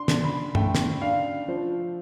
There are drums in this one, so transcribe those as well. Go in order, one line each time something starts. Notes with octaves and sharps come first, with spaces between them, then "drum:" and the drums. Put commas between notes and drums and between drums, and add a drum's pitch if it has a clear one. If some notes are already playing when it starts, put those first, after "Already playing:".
Already playing: D4 C6
D3, drum: snare
B5
A3 G5, drum: tom
drum: snare
D4 F5
F3 C5